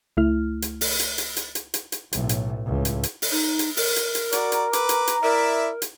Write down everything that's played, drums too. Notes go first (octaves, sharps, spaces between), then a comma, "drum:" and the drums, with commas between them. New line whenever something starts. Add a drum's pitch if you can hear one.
C#2 A3 E4 F6
drum: hi-hat
drum: open hi-hat
drum: hi-hat
drum: hi-hat
drum: hi-hat
drum: hi-hat
drum: hi-hat
drum: hi-hat
B1 A2, drum: hi-hat
drum: hi-hat
C#2 A2
drum: hi-hat
drum: hi-hat
drum: open hi-hat
D#4
drum: hi-hat
A#4, drum: open hi-hat
drum: hi-hat
drum: hi-hat
F#4 D5 A#5, drum: hi-hat
drum: hi-hat
B4 D6, drum: hi-hat
drum: hi-hat
drum: hi-hat
E4 A#4 D5 E5
drum: hi-hat